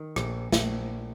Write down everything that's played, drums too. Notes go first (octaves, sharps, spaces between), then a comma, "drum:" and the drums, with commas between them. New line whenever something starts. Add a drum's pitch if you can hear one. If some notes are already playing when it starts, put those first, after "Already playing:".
Already playing: D#3
A#1, drum: rim click
A#1, drum: snare